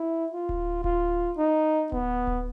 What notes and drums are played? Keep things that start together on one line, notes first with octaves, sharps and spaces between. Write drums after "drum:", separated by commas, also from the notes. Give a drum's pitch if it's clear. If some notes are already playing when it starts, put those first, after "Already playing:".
Already playing: E4
F4
drum: kick D1
F4, drum: kick D1
D#4
B3, drum: kick D1
drum: kick D1